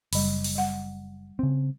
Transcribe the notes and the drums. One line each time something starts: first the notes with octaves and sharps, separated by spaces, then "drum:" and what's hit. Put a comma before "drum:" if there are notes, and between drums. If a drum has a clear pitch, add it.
F#1 G3 B5, drum: open hi-hat
drum: open hi-hat
G3 F#5
C#3 C4